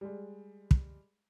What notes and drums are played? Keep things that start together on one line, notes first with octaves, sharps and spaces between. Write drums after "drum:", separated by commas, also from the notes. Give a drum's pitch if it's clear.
G3 G#3
drum: kick